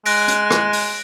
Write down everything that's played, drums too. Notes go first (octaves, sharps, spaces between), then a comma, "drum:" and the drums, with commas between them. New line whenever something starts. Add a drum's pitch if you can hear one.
G#3 F#6 A#6 D7, drum: open hi-hat
drum: hi-hat
drum: rim click
drum: open hi-hat